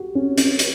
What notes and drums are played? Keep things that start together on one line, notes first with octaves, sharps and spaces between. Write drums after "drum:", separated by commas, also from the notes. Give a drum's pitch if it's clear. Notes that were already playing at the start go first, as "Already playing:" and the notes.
Already playing: F#4 G4
C#4
C#4, drum: hi-hat
drum: hi-hat